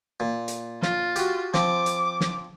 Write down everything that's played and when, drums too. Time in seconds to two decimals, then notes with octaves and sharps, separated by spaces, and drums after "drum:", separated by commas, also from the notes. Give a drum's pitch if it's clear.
0.20 A#2
0.48 drum: hi-hat
0.82 F4, drum: snare
1.16 F#4 G4, drum: hi-hat
1.54 F3 C4 D6, drum: snare
1.86 drum: hi-hat
2.21 drum: snare